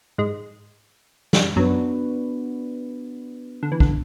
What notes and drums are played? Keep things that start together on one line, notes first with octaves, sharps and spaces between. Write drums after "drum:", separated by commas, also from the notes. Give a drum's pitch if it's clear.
G#2 G#3
drum: snare
F#2 F#3 B3 D4 F#4 B4
D3
E3
D3, drum: kick